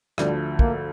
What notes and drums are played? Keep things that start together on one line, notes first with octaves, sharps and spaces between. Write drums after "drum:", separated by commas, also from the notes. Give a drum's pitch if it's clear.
D2 D3 F3 G3, drum: rim click
A#3, drum: kick